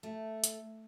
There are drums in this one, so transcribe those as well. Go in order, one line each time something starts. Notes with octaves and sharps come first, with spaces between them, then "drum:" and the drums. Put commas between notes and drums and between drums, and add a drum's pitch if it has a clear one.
A3
drum: hi-hat